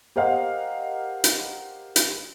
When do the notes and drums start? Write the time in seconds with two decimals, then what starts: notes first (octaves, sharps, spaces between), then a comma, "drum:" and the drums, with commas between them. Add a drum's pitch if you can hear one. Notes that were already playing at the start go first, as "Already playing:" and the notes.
0.16 G4 A#4 C5 D#5 F5 F#5
1.24 drum: hi-hat
1.96 drum: hi-hat